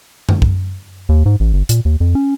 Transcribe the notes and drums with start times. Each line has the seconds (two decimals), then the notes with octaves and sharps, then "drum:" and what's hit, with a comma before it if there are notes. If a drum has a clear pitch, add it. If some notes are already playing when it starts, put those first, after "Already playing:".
0.29 drum: tom F#2
0.42 drum: kick
1.09 D#2
1.26 G#2
1.40 A1
1.53 G1
1.69 A#2, drum: hi-hat
1.85 D#2
2.00 F2
2.15 C#4